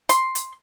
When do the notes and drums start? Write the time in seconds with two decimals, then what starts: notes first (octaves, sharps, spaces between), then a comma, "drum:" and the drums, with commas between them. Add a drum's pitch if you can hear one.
0.09 C6, drum: hi-hat
0.35 drum: hi-hat